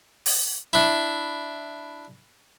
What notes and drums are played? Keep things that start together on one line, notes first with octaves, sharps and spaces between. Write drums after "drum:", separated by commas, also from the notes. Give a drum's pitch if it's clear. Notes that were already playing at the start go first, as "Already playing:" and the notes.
drum: open hi-hat
D4 E4